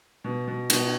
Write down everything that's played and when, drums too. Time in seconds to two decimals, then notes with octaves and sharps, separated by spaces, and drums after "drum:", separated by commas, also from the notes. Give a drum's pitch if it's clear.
0.24 B2
0.47 B2
0.70 B2, drum: cymbal